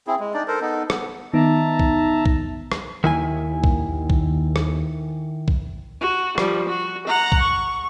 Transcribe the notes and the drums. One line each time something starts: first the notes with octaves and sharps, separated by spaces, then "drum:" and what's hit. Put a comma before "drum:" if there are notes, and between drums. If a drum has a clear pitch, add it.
C4 E4 G#4
G#3
D4 D#4 D5
A4 A#4 C5
B3 D#4 A4
B3, drum: rim click
D#3 B3 D#4 E5 A5 A#5
drum: kick B1
drum: kick B1
drum: rim click
D#2 D#3 E4 G#5
drum: kick B1
drum: kick B1
drum: rim click
drum: kick B1
F#4
F3 G3, drum: rim click
F#4
F#5 A#5
drum: kick B1
C#6